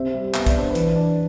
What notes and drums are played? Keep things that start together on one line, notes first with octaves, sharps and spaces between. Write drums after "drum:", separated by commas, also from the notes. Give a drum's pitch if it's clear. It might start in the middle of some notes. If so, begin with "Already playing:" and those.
Already playing: C3 C4 C5 E5
G3
B3 E5, drum: clap
D5, drum: kick A#1, hi-hat
D4 C5
B4 D5
E3, drum: hi-hat
D4